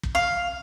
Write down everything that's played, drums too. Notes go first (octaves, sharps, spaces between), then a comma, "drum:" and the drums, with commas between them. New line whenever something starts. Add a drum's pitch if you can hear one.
drum: kick
F5